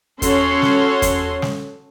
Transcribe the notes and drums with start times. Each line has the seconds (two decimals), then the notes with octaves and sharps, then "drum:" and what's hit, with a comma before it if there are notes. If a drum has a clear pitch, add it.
0.22 C#4 F#4 A4 C#5 C6, drum: kick E2, hi-hat
0.62 drum: snare
1.02 drum: kick E2, hi-hat
1.42 drum: snare